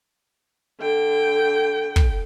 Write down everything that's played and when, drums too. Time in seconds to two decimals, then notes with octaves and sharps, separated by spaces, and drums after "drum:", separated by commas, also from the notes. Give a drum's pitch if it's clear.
0.80 D3 G5
1.96 drum: kick